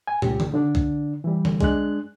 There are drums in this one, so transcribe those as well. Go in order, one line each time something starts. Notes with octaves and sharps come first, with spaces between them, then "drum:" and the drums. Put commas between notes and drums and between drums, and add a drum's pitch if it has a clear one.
G#5
C#2 G4, drum: tom
drum: tom D3
D3 D4
drum: kick B1
E3 G3
drum: tom D3
G#3 D4 F#6, drum: kick B1